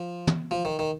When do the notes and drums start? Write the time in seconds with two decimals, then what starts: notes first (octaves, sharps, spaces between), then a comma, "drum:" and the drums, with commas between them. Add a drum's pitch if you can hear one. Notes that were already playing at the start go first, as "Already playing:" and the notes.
Already playing: F3
0.27 drum: tom
0.51 F3
0.65 D#3
0.79 D#3